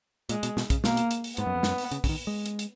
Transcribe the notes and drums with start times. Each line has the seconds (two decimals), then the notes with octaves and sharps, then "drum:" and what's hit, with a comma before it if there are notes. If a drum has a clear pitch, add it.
0.29 A#2 G#3, drum: hi-hat
0.43 B2, drum: hi-hat
0.57 B2, drum: snare
0.70 C#3, drum: kick, hi-hat
0.84 B2 A#3, drum: snare
0.97 drum: hi-hat
1.11 drum: hi-hat
1.24 drum: open hi-hat
1.37 G#2 B3, drum: hi-hat
1.46 F#2
1.55 F2
1.63 F#2, drum: snare
1.78 drum: open hi-hat
1.92 C#3, drum: hi-hat
2.04 C#3, drum: kick, open hi-hat
2.09 D#3
2.27 G#3
2.46 drum: hi-hat
2.59 drum: hi-hat